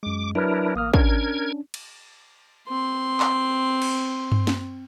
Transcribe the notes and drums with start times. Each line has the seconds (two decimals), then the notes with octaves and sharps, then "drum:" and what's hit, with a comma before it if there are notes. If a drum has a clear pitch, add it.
0.03 F#2 G#3 D6
0.35 F#3 D4 E4 A#4 B4 F6
0.75 A1 A#3 D#6 F6
0.94 C#4 D4 A#4 G#6, drum: kick
1.74 drum: cymbal
2.68 C4 C6
3.20 drum: clap
3.82 drum: cymbal
4.32 drum: tom G2
4.47 drum: snare